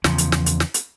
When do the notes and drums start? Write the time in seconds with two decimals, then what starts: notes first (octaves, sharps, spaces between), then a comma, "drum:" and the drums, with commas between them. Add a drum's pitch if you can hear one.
0.04 E2 C#3 F3, drum: snare
0.18 drum: hi-hat
0.32 drum: snare
0.46 drum: hi-hat
0.60 drum: snare
0.74 drum: hi-hat